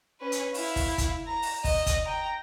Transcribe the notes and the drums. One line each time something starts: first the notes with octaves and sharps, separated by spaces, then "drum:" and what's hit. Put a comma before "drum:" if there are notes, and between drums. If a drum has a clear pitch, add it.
C#4 B4
drum: hi-hat
E4 F5, drum: open hi-hat
drum: kick, open hi-hat
drum: kick, hi-hat
A#5
drum: open hi-hat
D#5, drum: kick, open hi-hat
drum: kick, hi-hat
G5 A#5